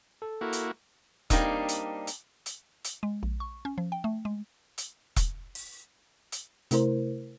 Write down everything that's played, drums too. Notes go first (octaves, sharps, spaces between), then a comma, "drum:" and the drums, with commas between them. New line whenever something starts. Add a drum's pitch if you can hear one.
A4
A#3 E4 F#4
drum: hi-hat
G3 A#3 C4 D4 D#4, drum: kick E1, hi-hat
drum: hi-hat
drum: hi-hat
drum: hi-hat
drum: hi-hat
G#3
A#1
C#6
C#4
F3
G5
A3
G#3
drum: hi-hat
drum: kick E1, hi-hat
drum: open hi-hat
drum: hi-hat
C3 A3 E4 A#4 C5, drum: hi-hat